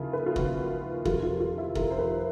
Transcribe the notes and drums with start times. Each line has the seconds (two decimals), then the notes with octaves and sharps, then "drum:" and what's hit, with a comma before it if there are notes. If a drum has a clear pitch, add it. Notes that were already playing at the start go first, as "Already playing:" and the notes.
Already playing: D#2 C#3 F3 E4 F4
0.13 B4
0.26 F4
0.36 D#2 C#3 F3 F#4, drum: kick
1.05 F2 C3 D#3 G3 F4, drum: kick
1.23 F4
1.40 F4
1.58 E4
1.75 F2 C3 D#3 G3 A#4, drum: kick
1.90 C5
1.99 B4